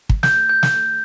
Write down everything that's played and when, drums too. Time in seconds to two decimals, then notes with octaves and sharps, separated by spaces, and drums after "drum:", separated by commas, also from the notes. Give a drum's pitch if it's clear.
0.10 drum: kick
0.23 G6, drum: snare
0.49 G6
0.63 drum: snare